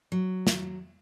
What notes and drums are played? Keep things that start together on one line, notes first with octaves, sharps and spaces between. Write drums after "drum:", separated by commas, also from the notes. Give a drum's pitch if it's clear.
F#3
drum: snare